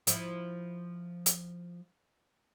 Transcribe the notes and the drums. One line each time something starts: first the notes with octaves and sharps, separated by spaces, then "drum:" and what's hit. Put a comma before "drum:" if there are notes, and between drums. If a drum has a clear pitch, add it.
F3 E4, drum: hi-hat
drum: hi-hat